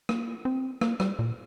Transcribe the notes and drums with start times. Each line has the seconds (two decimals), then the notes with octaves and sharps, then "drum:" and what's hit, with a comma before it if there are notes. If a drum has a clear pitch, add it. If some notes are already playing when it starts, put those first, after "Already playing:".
0.09 A#3, drum: rim click
0.45 C4
0.81 A#3, drum: rim click
1.00 G3, drum: rim click
1.19 A#2